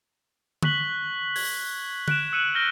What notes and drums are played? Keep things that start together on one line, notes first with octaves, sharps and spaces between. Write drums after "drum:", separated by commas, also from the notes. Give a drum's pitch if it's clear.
C#6 F#6 B6 F#7 G7, drum: tom D3
G#6, drum: open hi-hat
F#6 D7 E7, drum: tom
E6 C#7 D#7 E7 F#7
F6 G6 A#6 D7 G7